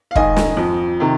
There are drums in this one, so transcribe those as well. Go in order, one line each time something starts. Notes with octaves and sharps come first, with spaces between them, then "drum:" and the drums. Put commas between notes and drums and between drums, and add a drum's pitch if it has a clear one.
F5
G#2 D#3 D#5 G#5, drum: kick
drum: snare
F2 F3
C3 D#3